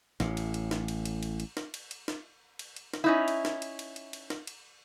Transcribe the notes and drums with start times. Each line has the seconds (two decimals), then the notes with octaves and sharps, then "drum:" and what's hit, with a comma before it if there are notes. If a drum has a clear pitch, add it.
0.20 A1 A2, drum: snare
0.37 drum: cymbal
0.54 drum: cymbal
0.71 drum: snare
0.88 drum: cymbal
1.05 drum: cymbal
1.23 drum: cymbal
1.40 drum: cymbal
1.57 drum: snare
1.74 drum: cymbal
1.91 drum: cymbal
2.08 drum: snare
2.59 drum: cymbal
2.76 drum: cymbal
2.94 drum: snare
3.04 C#4 D#4 E4
3.28 drum: cymbal
3.45 drum: snare
3.62 drum: cymbal
3.79 drum: cymbal
3.96 drum: cymbal
4.13 drum: cymbal
4.30 drum: snare
4.47 drum: cymbal